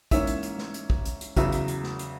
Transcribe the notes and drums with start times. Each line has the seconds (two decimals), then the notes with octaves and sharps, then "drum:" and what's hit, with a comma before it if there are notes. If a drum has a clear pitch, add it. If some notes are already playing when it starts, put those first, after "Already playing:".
0.11 G#2 E3 A#3 C#4 E5, drum: kick, hi-hat
0.27 drum: hi-hat
0.43 drum: hi-hat
0.58 drum: snare
0.74 drum: hi-hat
0.90 drum: kick
1.05 drum: hi-hat
1.21 drum: hi-hat
1.37 E2 C#3 F#3 E5, drum: kick, hi-hat
1.52 drum: hi-hat
1.68 drum: hi-hat
1.84 drum: snare
1.99 drum: hi-hat